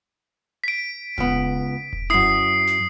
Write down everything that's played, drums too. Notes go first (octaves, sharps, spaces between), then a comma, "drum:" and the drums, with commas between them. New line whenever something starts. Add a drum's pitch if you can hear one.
B6 D7
C#2 B3, drum: kick E1
drum: kick E1
F#2 E4 D#6 C7
drum: snare